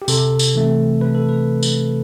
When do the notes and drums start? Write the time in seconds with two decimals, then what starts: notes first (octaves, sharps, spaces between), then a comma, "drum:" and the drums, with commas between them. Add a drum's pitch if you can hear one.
0.02 G4
0.08 C3 A4, drum: tambourine
0.39 drum: tambourine
0.55 E3 A3 C4
1.00 C3 B4
1.15 A4
1.29 B4
1.63 drum: tambourine